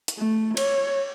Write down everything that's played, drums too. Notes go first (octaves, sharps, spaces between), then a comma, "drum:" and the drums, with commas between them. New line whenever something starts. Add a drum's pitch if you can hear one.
drum: hi-hat
A3
C#5, drum: cymbal